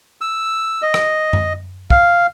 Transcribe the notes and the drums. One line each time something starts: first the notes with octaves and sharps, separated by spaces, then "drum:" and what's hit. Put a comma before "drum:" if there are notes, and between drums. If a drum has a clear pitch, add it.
E6
D#5
drum: rim click
drum: tom F#2
F5, drum: kick